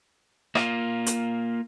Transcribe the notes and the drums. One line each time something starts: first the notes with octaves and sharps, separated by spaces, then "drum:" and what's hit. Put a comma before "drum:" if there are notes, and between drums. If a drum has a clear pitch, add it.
A#3 F4, drum: rim click
drum: hi-hat